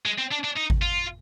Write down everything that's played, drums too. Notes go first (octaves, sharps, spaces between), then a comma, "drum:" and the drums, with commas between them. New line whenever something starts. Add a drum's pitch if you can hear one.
G#3
C4
D4
D4
D#4
drum: kick G#1
F4